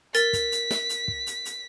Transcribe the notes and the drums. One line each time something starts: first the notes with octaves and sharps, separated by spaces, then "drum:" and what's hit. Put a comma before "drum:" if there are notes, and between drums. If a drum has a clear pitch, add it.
A#4 A6 B6, drum: hi-hat
drum: kick, hi-hat
drum: hi-hat
drum: snare
drum: hi-hat
drum: kick
drum: hi-hat
drum: hi-hat